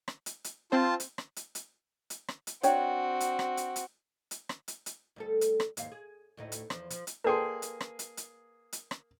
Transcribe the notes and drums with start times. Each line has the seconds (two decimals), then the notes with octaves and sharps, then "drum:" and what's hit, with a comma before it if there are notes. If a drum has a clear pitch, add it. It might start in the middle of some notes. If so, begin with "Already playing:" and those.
0.08 drum: rim click
0.26 drum: hi-hat
0.44 drum: hi-hat
0.72 C4 F4 C5 A5
1.00 drum: hi-hat
1.18 drum: rim click
1.36 drum: hi-hat
1.55 drum: hi-hat
2.10 drum: hi-hat
2.28 drum: rim click
2.47 drum: hi-hat
2.63 C4 D4 F#4 C#5 G5, drum: hi-hat
3.20 drum: hi-hat
3.39 drum: rim click
3.57 drum: hi-hat
3.76 drum: hi-hat
4.31 drum: hi-hat
4.49 drum: rim click
4.68 drum: hi-hat
4.86 drum: hi-hat
5.16 D2 G3 A4
5.41 drum: hi-hat
5.60 drum: rim click
5.77 D#2 G#2 F5, drum: hi-hat
5.92 G#4
6.37 D2 A2 D#4
6.52 drum: hi-hat
6.70 E2 F3, drum: rim click
6.90 F3, drum: hi-hat
7.07 drum: hi-hat
7.24 A#3 G#4 A4 B4 D5 G5 A5 C6
7.62 drum: hi-hat
7.81 drum: rim click
7.99 drum: hi-hat
8.17 drum: hi-hat
8.73 drum: hi-hat
8.91 drum: rim click